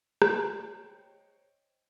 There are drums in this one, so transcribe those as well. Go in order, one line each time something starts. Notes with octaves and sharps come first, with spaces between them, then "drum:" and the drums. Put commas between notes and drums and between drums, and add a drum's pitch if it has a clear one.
C5 C#5 D#5 G5 G6, drum: rim click